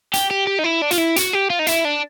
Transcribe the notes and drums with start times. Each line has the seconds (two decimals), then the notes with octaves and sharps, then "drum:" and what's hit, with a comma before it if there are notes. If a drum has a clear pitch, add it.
0.14 G4, drum: hi-hat
0.31 G4
0.47 G4
0.59 D#4
0.64 E4
0.82 D4
0.91 F4, drum: hi-hat
0.98 E4
1.16 F#4, drum: hi-hat
1.33 G4
1.50 F4
1.59 D#4
1.67 E4, drum: hi-hat
1.85 D4